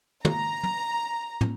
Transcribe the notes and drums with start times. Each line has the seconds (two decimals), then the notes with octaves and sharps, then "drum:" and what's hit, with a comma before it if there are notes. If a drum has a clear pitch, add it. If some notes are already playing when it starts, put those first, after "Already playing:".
0.25 A#5, drum: tom
0.63 drum: tom
1.41 drum: tom